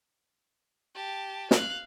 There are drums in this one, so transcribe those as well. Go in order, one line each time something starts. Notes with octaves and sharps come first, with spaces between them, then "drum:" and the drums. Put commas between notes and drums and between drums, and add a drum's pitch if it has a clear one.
G4 A5
F5 F#6, drum: snare